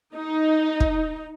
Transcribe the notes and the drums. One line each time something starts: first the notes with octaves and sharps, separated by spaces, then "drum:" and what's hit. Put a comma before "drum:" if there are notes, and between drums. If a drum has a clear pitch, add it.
D#4
drum: kick